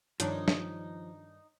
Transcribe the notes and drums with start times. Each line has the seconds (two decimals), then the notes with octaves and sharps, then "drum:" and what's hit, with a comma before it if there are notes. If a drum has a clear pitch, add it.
0.20 G2 D#3 F3 D4 D#4 C#5, drum: hi-hat
0.48 drum: snare